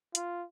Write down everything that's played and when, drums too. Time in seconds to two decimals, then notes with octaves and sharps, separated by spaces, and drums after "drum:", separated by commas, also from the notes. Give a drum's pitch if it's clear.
0.15 F4, drum: hi-hat